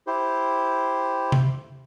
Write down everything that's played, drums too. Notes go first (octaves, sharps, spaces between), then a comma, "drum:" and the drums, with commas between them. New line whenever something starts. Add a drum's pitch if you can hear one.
E4 G4 C5
drum: tom C3